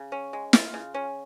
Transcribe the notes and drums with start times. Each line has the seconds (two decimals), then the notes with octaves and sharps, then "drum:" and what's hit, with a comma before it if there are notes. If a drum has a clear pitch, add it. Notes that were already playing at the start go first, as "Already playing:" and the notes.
Already playing: C#3
0.12 C#4
0.33 G#3
0.53 F4, drum: snare
0.74 C#3
0.94 C#4